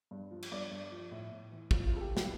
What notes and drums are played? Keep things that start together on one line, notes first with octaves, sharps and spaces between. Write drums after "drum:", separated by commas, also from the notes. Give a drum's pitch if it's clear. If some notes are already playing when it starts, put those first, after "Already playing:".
G2
F3
drum: cymbal
G2 D5
G2
F3
A2 E4
A2
E3
F2 F4, drum: kick
F4
F2 A4
G4
E3
G4, drum: snare